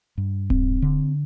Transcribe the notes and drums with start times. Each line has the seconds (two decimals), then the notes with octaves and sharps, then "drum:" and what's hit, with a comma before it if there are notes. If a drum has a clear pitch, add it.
0.18 G2
0.50 C4, drum: kick D1
0.82 D3